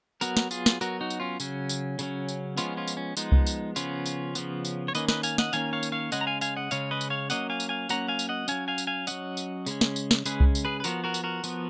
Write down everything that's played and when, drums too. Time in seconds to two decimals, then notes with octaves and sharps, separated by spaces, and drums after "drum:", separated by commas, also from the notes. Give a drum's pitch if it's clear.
0.21 F#3 B3 F#4 A#4, drum: tambourine
0.37 drum: snare
0.51 F4 G#4, drum: tambourine
0.66 drum: snare
0.81 F#3 B3 F#4 A#4, drum: tambourine
1.01 D#4 F#4
1.10 drum: tambourine
1.20 C#4 F4
1.40 C#3 F#3 C#4, drum: tambourine
1.69 drum: tambourine
1.99 C#3 F#3 C#4, drum: tambourine
2.28 drum: tambourine
2.57 F3 G#3 B3 C#4 F4, drum: tambourine
2.77 C#4 F4
2.88 drum: tambourine
2.97 C#4
3.17 F3 G#3 B3 D#4, drum: tambourine
3.32 drum: kick C2
3.47 drum: tambourine
3.76 C#3 F3 B3 C#4 F4, drum: tambourine
4.06 drum: tambourine
4.35 C#3 F3 B3, drum: tambourine
4.65 drum: tambourine
4.88 C#5
4.95 D#3 A#3 C#4 B4 D#5, drum: tambourine
5.08 B4 D#5, drum: snare
5.23 F5 G#5, drum: tambourine
5.38 D#5 F#5, drum: snare
5.53 D#3 A#3 C#4 F5 G#5, drum: tambourine
5.73 C#5 F5
5.83 drum: tambourine
5.92 C#5 F5
6.12 C#3 G#3 C#4 D#5 F#5, drum: tambourine
6.21 A#5
6.27 F5 G#5
6.41 F5 G#5, drum: tambourine
6.57 D#5 F#5
6.71 C#3 G#3 C#4 C#5 F5, drum: tambourine
6.91 B4 D#5
7.01 drum: tambourine
7.10 C#5 F5
7.30 F#3 A#3 C#4 D#5 F#5, drum: tambourine
7.50 F5 G#5
7.60 drum: tambourine
7.69 F5 G#5
7.89 F#3 A#3 C#4 F#5 A#5, drum: tambourine
8.08 F5 G#5
8.19 drum: tambourine
8.29 D#5 F#5
8.48 F#3 C#4 F5 G#5, drum: tambourine
8.68 F5 G#5
8.78 drum: tambourine
8.87 F5 G#5
9.07 F#3 C#4 D#5 F#5, drum: tambourine
9.37 drum: tambourine
9.66 C#3 G#3 C#4, drum: tambourine
9.81 drum: snare
9.96 drum: tambourine
10.11 drum: snare
10.25 C#3 G#3 C#4 G#4 B4, drum: tambourine
10.40 drum: kick C2
10.55 drum: tambourine
10.65 G#4 B4
10.80 B4
10.84 F3 B3 F#4 A#4, drum: tambourine
11.04 F#4 A#4
11.14 drum: tambourine
11.24 F#4 A#4
11.44 F3 B3, drum: tambourine